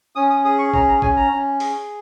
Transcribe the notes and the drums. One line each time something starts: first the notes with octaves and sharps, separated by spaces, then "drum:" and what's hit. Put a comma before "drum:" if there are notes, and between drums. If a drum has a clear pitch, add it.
C#4 D#6
D#6
G#4 D#6
C#6
C#4 A#5, drum: kick
A#5
C#4 G#5, drum: kick
A#5
C#4
G#4, drum: open hi-hat